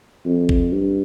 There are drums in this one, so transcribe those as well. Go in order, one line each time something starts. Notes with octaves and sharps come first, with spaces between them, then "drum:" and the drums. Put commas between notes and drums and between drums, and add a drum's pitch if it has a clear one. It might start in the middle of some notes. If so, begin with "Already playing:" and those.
F2
drum: kick
G2